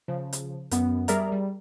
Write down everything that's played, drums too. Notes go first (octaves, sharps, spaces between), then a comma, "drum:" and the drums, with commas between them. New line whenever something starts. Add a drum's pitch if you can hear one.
C#3 F3
drum: hi-hat
F#2 B3, drum: hi-hat
G3 G#4 A#4 D5 E5 A#5, drum: hi-hat
G3